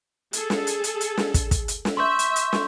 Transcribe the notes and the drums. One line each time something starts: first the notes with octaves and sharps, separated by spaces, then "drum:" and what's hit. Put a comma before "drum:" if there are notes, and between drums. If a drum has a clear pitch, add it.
G#4 A4, drum: hi-hat
drum: snare
drum: hi-hat
drum: hi-hat
drum: hi-hat
drum: snare
drum: kick, hi-hat
drum: kick, hi-hat
drum: hi-hat
drum: snare
E5 C6 C#6 G6
drum: hi-hat
drum: hi-hat
drum: snare